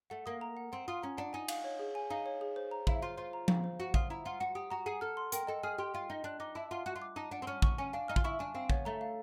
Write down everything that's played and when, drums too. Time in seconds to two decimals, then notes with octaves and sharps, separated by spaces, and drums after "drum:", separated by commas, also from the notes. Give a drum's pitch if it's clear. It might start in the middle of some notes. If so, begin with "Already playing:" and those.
0.10 A3 F#5
0.26 A#3 D#6
0.41 A#5
0.57 F#5
0.72 C4 F#5
0.88 F4 D#6
1.03 C#4 A#5
1.18 D4 F#5
1.33 D#4 G#5
1.48 F5, drum: cymbal
1.64 C#5
1.79 G#4
1.95 G#5
2.10 D#4 F5
2.26 C#5
2.41 G#4
2.56 C5
2.71 A#5
2.87 E4 F5, drum: kick
3.02 F4 C5
3.17 F4 C5
3.33 A#5
3.48 F5, drum: tom F3
3.64 C5
3.80 F#4 F#5
3.94 F4 D#6, drum: kick
4.10 E4 A#5
4.25 F4 F#5
4.40 F#4 F#5
4.55 G4 D#6
4.71 F#4 A#5
4.86 G#4 F#5
5.01 A4 F6
5.17 C6
5.32 A#4 G5, drum: hi-hat
5.47 A4 D#5
5.63 G#4 F6
5.78 G4 C6
5.94 F4 G5
6.10 D#4 D#5
6.24 D4 F#6
6.40 D#4 D6
6.55 E4 A5
6.71 F4 F#5
6.86 F#4 F#6
6.96 F4
7.02 D6
7.16 D#4 A5
7.31 D4 F#5
7.42 C4
7.47 C#4 F6
7.62 C#4 C#6, drum: kick
7.78 C#4 G#5
7.93 D4 F5
8.08 D#4 F6
8.16 F4, drum: kick
8.24 E4 C#6
8.39 D4 G#5
8.55 C4 F5
8.70 B3 C#5, drum: kick
8.85 A3 A#5
9.01 F5